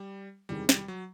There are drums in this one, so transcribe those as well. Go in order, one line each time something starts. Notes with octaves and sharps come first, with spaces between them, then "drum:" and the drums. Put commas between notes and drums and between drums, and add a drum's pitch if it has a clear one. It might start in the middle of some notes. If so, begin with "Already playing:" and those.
Already playing: G3
E2 C3 D#3 G3 G#3
G3, drum: snare
F#3